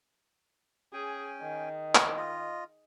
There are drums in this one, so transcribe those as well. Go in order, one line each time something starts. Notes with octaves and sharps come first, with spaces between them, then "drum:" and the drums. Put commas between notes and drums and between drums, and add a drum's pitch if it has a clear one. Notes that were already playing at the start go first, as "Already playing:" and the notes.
C#4 G#4 G5 G#5
D#3
drum: clap
F4 D#5